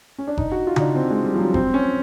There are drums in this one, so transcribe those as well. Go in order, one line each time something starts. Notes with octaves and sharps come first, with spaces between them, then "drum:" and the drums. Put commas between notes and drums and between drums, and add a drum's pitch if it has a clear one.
C#4
D4
D#4, drum: kick F#1
F#4
F4
D#4, drum: tom C#3
D4
C4
G#3
G3
F3
F#3
C4, drum: kick F#1
C#4